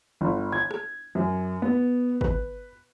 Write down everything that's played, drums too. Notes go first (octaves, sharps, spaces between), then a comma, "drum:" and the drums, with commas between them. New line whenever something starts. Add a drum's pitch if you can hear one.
G1
G#6
drum: rim click
F#2
B3
B4, drum: kick